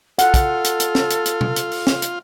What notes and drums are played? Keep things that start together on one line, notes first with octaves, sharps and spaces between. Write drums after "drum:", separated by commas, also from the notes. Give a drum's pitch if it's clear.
F4 A4 F#5, drum: hi-hat
drum: kick, hi-hat
drum: hi-hat
drum: hi-hat
drum: snare
drum: hi-hat
drum: hi-hat
drum: tom B2
drum: hi-hat
drum: open hi-hat
drum: snare
drum: hi-hat